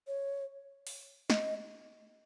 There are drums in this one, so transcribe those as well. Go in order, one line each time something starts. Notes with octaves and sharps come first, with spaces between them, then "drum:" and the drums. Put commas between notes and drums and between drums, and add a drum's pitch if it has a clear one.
C#5
drum: open hi-hat
D#5, drum: snare